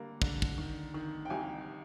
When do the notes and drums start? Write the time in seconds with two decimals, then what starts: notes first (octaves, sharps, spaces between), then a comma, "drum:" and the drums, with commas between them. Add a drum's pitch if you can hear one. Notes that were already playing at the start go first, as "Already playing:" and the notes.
Already playing: D3 G3 A#3
0.22 D3, drum: kick
0.42 drum: kick
0.58 D#3
0.94 D#3
1.25 G5
1.30 C2 G#5